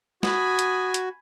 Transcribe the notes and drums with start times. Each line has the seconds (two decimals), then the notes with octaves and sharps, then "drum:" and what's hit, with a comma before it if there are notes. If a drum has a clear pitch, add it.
0.23 F#4 G#5 B5 D#6, drum: snare
0.59 drum: hi-hat
0.94 drum: hi-hat